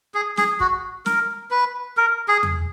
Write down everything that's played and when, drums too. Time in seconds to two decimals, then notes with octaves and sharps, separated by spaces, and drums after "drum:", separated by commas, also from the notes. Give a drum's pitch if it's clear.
0.14 G#4
0.37 G#4, drum: snare
0.60 F#4, drum: kick
1.06 A#4, drum: snare
1.51 B4
1.97 A#4
2.28 G#4
2.43 drum: tom E2